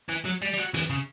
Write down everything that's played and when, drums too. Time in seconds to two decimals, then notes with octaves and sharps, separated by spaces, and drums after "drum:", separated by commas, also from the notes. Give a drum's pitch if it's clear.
0.09 E3
0.25 F#3
0.42 G3
0.53 G3
0.58 F#3
0.74 E3, drum: hi-hat
0.90 C#3